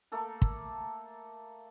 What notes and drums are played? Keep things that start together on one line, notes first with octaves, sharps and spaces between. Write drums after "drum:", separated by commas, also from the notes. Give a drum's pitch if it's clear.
A3 A#3 A4 A#4
drum: kick